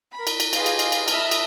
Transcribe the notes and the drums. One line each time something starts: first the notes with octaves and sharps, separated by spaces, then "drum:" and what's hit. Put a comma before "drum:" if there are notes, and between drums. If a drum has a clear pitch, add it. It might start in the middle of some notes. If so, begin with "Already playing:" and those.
A#4 B5
drum: cymbal
drum: cymbal
F4 G4 G#4 B4 D#5 F5, drum: cymbal
drum: cymbal
drum: cymbal
drum: cymbal
D#5 E5 A5 B5 D#6 F6, drum: cymbal
drum: cymbal